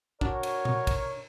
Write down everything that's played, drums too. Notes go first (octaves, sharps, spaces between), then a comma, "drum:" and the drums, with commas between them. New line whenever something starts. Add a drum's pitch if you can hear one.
D4 F#4 A#4 C#5, drum: kick
drum: cymbal
drum: tom A#2
drum: kick, cymbal